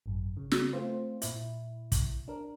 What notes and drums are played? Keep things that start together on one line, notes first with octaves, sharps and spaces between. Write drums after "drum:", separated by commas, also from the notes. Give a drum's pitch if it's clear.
G#1 F#2
C#3
drum: snare
A3 C4 F4 C5
A#2 E4, drum: hi-hat
drum: kick, hi-hat
D4 A#4